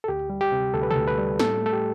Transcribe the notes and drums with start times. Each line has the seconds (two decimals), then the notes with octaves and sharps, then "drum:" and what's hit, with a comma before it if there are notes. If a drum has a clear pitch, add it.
0.04 A4
0.08 D2 G4
0.30 G3
0.41 G4
0.52 C3
0.74 D2 A4
0.83 B4
0.91 A4, drum: tom A#2
0.96 D2
1.08 B4
1.18 G3
1.39 A2 A4, drum: snare
1.62 A3 A4
1.73 G4